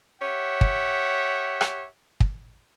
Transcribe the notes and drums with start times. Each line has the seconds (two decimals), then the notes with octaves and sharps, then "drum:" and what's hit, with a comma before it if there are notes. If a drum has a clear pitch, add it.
0.21 G4 C#5 E5 F#5
0.61 drum: kick
1.61 drum: rim click
2.20 drum: kick